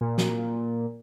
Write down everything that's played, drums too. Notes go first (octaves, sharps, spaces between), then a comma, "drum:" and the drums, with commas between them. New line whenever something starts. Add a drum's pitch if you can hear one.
A#2
drum: snare